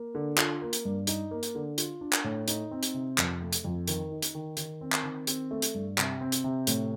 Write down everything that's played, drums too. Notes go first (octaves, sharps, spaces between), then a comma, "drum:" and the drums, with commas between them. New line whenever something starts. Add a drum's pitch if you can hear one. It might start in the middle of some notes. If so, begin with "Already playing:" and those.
Already playing: A#3
D3
F4, drum: clap
A#3
drum: hi-hat
G2
D#4, drum: hi-hat
A#3
drum: hi-hat
D3
F4, drum: hi-hat
D4
drum: clap
A2
D#4, drum: hi-hat
C4
drum: hi-hat
C3
F2, drum: clap
A3
drum: hi-hat
F2
D#3, drum: hi-hat
D#4
drum: hi-hat
D#3
D#3, drum: hi-hat
C4
drum: clap
D#3
C4, drum: hi-hat
A3
drum: hi-hat
G2
C3, drum: clap
C4
drum: hi-hat
C3
A2, drum: hi-hat